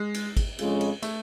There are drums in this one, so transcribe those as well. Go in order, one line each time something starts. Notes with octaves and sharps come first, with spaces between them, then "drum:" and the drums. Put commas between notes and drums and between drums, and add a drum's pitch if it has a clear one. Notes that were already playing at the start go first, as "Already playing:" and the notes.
Already playing: G#3
drum: cymbal
drum: kick, cymbal
F2 C#3 G#3, drum: cymbal
drum: cymbal
A3, drum: cymbal